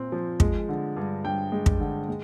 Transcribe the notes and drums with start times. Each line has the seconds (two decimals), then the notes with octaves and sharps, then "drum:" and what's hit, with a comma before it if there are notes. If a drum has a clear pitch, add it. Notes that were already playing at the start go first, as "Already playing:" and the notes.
Already playing: A#2 C4
0.12 F3
0.40 G#3, drum: kick
0.69 D3
0.97 G2
1.24 G2 G5
1.52 G#3
1.66 drum: kick
1.80 D3
2.09 G#3